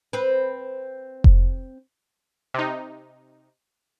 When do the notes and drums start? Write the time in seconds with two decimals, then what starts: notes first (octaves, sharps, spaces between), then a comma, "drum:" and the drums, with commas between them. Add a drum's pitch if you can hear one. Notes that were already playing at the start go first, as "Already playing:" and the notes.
0.13 C4 B4
1.24 drum: kick F1
2.54 C3 D#4